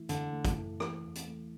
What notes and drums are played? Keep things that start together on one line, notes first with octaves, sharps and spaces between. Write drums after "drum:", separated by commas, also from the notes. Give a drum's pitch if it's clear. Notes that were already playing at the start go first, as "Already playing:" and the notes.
Already playing: E3 A3 E4
E2 D3, drum: hi-hat
A3
drum: kick, hi-hat
E4
E3, drum: rim click
E2
drum: hi-hat
A3